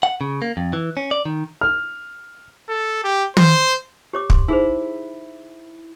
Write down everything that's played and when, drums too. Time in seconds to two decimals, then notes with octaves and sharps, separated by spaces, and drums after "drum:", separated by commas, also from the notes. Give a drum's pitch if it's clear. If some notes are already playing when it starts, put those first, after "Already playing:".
0.03 F#5
0.21 C#3
0.42 A#3
0.57 F2
0.73 E3
0.97 C#4
1.11 D5
1.25 D#3
1.61 F6
2.69 A4
3.04 G4
3.37 C5, drum: tom
4.13 G4 C#5 D6
4.30 C6, drum: kick
4.48 D#4 E4 G#4 C5